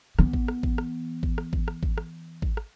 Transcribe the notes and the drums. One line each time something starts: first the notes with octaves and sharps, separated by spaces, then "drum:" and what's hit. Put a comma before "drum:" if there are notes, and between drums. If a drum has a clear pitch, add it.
E3 B3, drum: rim click
drum: kick G#1
drum: rim click
drum: kick G#1
drum: rim click
drum: kick G#1
drum: rim click
drum: kick G#1
drum: rim click
drum: kick G#1
drum: rim click
drum: kick G#1
drum: rim click